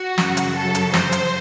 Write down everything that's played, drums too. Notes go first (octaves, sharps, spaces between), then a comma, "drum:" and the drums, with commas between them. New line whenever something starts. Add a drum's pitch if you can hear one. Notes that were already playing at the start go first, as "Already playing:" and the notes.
Already playing: F#4
F#2 C#3 F#3, drum: snare
drum: hi-hat
A4
drum: hi-hat
C5, drum: snare
drum: hi-hat